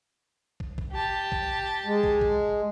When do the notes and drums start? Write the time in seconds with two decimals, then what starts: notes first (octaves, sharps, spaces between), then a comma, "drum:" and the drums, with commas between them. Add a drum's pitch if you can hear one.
0.60 drum: kick
0.78 drum: kick
0.92 G4 A5
1.32 drum: kick
1.86 G#3
2.03 drum: kick
2.21 drum: kick